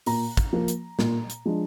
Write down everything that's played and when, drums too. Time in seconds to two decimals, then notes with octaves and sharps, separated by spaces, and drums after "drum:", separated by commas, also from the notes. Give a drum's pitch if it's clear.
0.06 A#2 A#5, drum: open hi-hat
0.37 drum: kick, hi-hat
0.53 F3 A#3
0.68 drum: hi-hat
0.99 A#2, drum: snare
1.30 drum: hi-hat
1.46 F3 G#3 D4